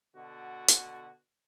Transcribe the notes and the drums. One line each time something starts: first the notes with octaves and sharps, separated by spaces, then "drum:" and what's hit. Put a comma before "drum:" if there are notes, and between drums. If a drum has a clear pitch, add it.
B2 D3 F#4
drum: hi-hat